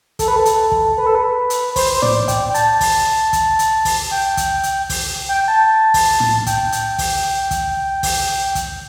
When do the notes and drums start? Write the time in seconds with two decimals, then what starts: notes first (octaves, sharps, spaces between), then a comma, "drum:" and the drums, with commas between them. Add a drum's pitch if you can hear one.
0.19 A4, drum: kick, hi-hat
0.28 B4
0.36 A4
0.45 drum: hi-hat
0.72 drum: kick
0.97 B4
1.06 A4
1.15 B4
1.50 drum: hi-hat
1.76 C5, drum: kick, open hi-hat
1.95 C5
2.02 D5, drum: tom A2
2.28 G5, drum: kick, hi-hat
2.49 G5
2.54 A5, drum: hi-hat
2.81 drum: kick, open hi-hat
3.33 drum: kick, hi-hat
3.59 drum: hi-hat
3.85 drum: kick, open hi-hat
4.11 G5
4.37 drum: kick, hi-hat
4.63 drum: hi-hat
4.90 drum: kick, open hi-hat
5.29 G5
5.48 A5
5.94 drum: kick, open hi-hat
6.20 drum: tom A2
6.46 G5, drum: kick, hi-hat
6.72 drum: hi-hat
6.98 drum: kick, open hi-hat
7.51 drum: kick, hi-hat
8.03 drum: kick, open hi-hat
8.55 drum: kick, hi-hat